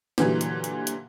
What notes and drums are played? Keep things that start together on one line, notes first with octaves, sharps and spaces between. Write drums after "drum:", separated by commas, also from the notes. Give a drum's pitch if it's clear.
A#2 D3 E3 F#3 G3, drum: snare
drum: hi-hat
drum: hi-hat
drum: hi-hat